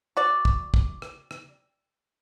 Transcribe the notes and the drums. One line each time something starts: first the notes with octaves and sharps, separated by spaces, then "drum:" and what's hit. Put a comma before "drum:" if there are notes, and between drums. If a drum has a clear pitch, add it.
F#4 D5
drum: kick
drum: kick
drum: rim click
drum: rim click